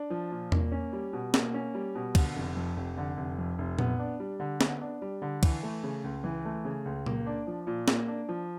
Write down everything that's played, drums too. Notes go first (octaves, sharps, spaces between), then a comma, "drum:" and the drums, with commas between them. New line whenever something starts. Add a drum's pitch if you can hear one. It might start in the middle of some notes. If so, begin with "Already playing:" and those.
Already playing: D4
F3
A#2
A#3, drum: tom E2
C#4
G3
B2
A#3, drum: snare
C#4
G3
B2
D3, drum: kick, cymbal
F1
F2
F1
D3
F1
F2
F1
B3, drum: tom A#2
D4
G3
D3
B3, drum: snare
D4
G3
D3
E3, drum: kick, cymbal
A3
C#3
C#2
E3
A3
C#3
C#2
A#3, drum: tom A#2
D4
F3
A#2
A#3, drum: snare
D4
F3